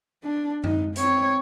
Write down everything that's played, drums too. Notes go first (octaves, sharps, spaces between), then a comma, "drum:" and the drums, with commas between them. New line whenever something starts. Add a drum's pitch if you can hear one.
D4
D#4, drum: tom F#2
C4 C#5, drum: hi-hat